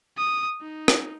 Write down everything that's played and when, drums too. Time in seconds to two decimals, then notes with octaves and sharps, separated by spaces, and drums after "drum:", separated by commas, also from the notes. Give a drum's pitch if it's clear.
0.17 D#6
0.61 D#4
0.88 drum: rim click